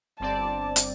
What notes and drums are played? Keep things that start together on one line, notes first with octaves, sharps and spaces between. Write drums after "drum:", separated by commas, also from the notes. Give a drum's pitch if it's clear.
G1 C4 D5 A5
drum: hi-hat